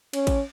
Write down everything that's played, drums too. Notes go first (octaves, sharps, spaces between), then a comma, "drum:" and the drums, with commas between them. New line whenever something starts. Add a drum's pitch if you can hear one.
C#4, drum: cymbal
drum: kick A1, cymbal